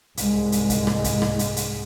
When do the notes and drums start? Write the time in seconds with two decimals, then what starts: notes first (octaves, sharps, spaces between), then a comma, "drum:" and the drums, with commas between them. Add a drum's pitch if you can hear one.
0.17 C2 G#2 G#3, drum: hi-hat
0.52 drum: hi-hat
0.70 drum: kick, hi-hat
0.87 drum: rim click
1.04 drum: kick, hi-hat
1.22 drum: rim click
1.39 drum: hi-hat
1.56 drum: hi-hat